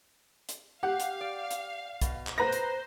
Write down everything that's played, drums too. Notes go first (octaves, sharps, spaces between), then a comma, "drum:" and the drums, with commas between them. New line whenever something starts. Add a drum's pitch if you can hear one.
drum: hi-hat
G4 F5 F#5
drum: hi-hat
D5
drum: hi-hat
B2, drum: kick, hi-hat
drum: clap
B4 C5 A#5 A#6
drum: hi-hat